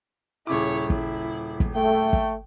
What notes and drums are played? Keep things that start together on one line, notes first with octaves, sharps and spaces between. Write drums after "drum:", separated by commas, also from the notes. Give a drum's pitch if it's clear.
D#1 C#3 E4 C#5 D6
E4, drum: kick
drum: kick
A3 G5
drum: kick